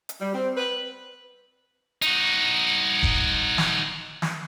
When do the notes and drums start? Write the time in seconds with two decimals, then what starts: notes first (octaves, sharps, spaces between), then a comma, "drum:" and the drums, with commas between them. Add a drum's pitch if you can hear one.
0.09 drum: hi-hat
0.21 G3
0.34 C4
0.56 B4
2.02 D#4 F#4, drum: hi-hat
3.03 drum: kick E1
3.58 drum: snare
4.22 drum: snare